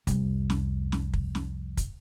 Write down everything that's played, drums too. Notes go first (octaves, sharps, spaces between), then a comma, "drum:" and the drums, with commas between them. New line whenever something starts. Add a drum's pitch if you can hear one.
C2 F2, drum: kick, hi-hat
drum: snare
drum: snare
drum: kick
drum: snare
drum: kick, hi-hat